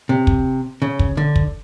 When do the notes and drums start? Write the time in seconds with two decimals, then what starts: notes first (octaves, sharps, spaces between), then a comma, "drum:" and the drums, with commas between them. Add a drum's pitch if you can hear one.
0.09 C3
0.27 drum: kick
0.82 C#3
0.99 drum: kick
1.17 D3
1.36 drum: kick